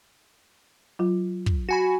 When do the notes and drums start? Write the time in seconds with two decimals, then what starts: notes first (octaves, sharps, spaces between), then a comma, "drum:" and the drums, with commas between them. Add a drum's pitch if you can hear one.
0.99 F#3 F4
1.46 drum: kick
1.69 F#4 G#5 B5